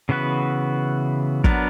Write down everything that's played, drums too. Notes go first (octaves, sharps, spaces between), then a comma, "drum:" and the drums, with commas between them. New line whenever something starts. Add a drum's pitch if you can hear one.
C#3 E3 B3 F#4 B4
F#3 B3 D4 A#4, drum: kick